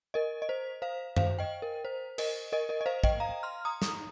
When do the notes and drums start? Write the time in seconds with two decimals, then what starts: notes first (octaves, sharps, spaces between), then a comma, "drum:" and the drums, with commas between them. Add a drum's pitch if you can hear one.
0.14 A#4 D#5
0.42 D#5
0.49 C5
0.82 C5 F5
1.16 C5 F5, drum: tom F#2
1.39 D#5 G5
1.62 A#4
1.85 C5
2.18 A#4 D#5, drum: cymbal
2.52 A#4 D#5
2.69 A#4 D#5
2.81 D#5
2.86 C5 F5
3.04 D#5 G5, drum: kick
3.20 F5 A#5
3.43 C6 F6
3.65 A#5 D#6
3.82 drum: snare